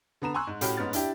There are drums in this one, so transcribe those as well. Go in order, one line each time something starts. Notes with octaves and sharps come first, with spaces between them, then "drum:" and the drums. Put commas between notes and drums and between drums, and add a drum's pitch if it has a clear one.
D3 B3 A#5 E7
G#5 A#5 C6 C#6 E6 F#6
G#2
A2 C#4 F#4 G4 F6 D7, drum: hi-hat
G#2 B3 C#4 F6 A6
D4 E4 G4, drum: hi-hat